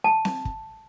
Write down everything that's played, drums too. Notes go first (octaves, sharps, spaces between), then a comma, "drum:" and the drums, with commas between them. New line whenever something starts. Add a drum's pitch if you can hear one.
A5
drum: snare C4
drum: kick